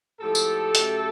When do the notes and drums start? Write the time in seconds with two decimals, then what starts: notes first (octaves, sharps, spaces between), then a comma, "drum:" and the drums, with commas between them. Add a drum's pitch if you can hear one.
0.20 A2 F3 G#3 G4 A4
0.35 drum: tambourine
0.75 C#3 F#3 A3, drum: hi-hat